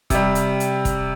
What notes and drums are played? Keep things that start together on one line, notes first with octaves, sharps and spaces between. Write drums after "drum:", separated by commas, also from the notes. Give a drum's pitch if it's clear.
C3 G3, drum: kick E1, hi-hat
drum: hi-hat
drum: hi-hat
drum: kick E1, hi-hat